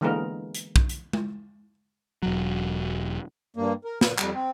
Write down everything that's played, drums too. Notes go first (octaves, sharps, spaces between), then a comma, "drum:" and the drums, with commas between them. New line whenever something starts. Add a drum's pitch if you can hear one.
D3 E3 G#3 A#3 B3 A#4
drum: hi-hat
drum: kick
drum: hi-hat
drum: tom G#3
E1 F#3
G2 A#3
A#4
A#2 B4, drum: snare
F2 G3, drum: clap
C4